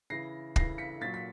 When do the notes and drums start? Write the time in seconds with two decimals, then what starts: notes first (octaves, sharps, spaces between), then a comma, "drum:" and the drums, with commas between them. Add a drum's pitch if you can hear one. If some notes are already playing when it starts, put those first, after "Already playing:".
0.10 C#3 E3 A#6 C7
0.56 C#3 E3 A#6 C7, drum: kick
0.78 B6 C#7
1.01 A#2 F#3 A6 B6
1.14 B6